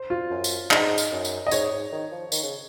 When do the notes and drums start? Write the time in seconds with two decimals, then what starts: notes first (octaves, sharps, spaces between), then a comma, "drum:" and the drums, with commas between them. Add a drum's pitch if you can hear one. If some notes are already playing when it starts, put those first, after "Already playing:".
Already playing: C5
0.10 F4
0.31 F#2
0.44 drum: tambourine
0.71 G#2 D#4, drum: clap
0.98 drum: tambourine
1.11 F#2
1.25 drum: tambourine
1.46 D#5
1.51 G#2 C#5, drum: tambourine
1.71 G#2
1.92 D#3
2.12 F3
2.32 D#3, drum: tambourine
2.43 C#3